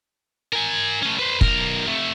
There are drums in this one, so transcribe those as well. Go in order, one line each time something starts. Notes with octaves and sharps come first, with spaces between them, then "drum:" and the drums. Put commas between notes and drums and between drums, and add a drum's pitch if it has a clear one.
A#4 G#5
A3 C#4
B4 C5
B1 A#4, drum: kick
C3 A3